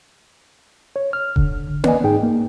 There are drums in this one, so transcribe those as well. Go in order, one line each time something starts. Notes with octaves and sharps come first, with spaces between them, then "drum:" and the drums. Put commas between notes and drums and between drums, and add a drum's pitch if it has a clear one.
C#5
F6
D3, drum: kick E1
B4 D5 D#5 G#5, drum: tom A#3
G#2 D#4 G#4 G5
A#3